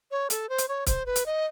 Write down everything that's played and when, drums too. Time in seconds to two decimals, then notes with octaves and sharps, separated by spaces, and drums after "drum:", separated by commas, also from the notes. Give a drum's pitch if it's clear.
0.11 C#5
0.30 A4, drum: hi-hat
0.49 C5
0.58 drum: hi-hat
0.68 C#5
0.87 C5, drum: kick C#1, hi-hat
1.06 B4
1.16 drum: hi-hat
1.26 D#5